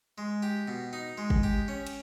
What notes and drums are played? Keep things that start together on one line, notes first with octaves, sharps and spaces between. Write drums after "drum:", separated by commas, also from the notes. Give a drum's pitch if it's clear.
G#3
G4
B2
D#4
G#3
drum: kick
G4
C#4
drum: cymbal